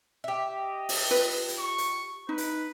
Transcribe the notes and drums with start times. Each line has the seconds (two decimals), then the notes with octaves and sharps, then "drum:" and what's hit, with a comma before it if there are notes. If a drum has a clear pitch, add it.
0.24 G4 E5
0.59 D#5
0.89 drum: open hi-hat
1.11 F4 B4
1.48 drum: hi-hat
1.58 C#6
1.78 drum: hi-hat
2.29 D#4 B4
2.38 drum: hi-hat